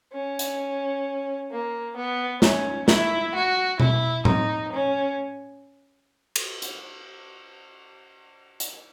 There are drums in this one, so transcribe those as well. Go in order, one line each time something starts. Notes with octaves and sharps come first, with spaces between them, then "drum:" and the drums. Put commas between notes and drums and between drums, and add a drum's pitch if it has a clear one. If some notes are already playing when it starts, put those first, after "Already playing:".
C#4
drum: hi-hat
A#3
B3
C#4, drum: snare
E4, drum: snare
F#4
E4, drum: tom B2
D#4, drum: tom A2
C#4
drum: cymbal
drum: hi-hat
drum: hi-hat